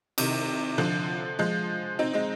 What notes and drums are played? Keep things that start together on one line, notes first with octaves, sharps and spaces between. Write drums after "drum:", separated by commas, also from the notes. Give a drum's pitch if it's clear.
C3 D#3, drum: cymbal
D3 F3
F3 G#3
C4 D#4
G#3 C4